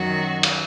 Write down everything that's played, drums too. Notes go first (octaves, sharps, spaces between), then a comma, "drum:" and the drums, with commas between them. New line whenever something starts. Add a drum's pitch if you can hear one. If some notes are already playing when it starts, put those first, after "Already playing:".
Already playing: F#2 D#3 F#3 F#4
drum: cymbal